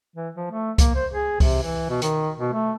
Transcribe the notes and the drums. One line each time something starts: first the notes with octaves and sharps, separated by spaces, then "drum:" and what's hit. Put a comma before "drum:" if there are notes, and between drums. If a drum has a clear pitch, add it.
E3
F3
A3
A#3, drum: kick C2, hi-hat
C5
G#4
C3, drum: kick C2, open hi-hat
E3
B2
D#3, drum: hi-hat
B2
A3